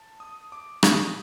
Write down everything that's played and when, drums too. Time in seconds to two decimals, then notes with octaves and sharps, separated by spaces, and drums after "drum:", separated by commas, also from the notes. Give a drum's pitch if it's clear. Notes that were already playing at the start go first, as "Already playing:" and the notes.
Already playing: A5
0.20 D#6
0.52 D6
0.83 D#6, drum: rim click